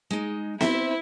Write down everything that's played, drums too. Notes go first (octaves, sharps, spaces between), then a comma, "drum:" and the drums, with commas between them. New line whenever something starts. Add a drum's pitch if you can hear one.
G#3 D#4
C4 E4 C5 E5, drum: snare B3